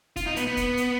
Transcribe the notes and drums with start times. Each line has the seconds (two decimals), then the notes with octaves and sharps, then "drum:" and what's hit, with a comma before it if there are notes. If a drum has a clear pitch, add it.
0.16 F4, drum: kick, hi-hat
0.27 D#4
0.36 B3, drum: hi-hat
0.47 B3
0.57 drum: kick, hi-hat
0.77 drum: hi-hat